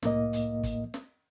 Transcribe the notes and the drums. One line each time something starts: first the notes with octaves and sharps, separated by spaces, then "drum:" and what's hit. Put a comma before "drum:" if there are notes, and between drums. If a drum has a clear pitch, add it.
C2 A2 A#3 D#5, drum: snare
drum: hi-hat
drum: kick, hi-hat
drum: snare